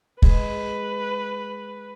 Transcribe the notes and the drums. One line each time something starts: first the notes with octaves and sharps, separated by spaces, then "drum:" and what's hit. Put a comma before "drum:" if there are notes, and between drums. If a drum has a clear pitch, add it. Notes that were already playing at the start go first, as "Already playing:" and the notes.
G#3 B4, drum: kick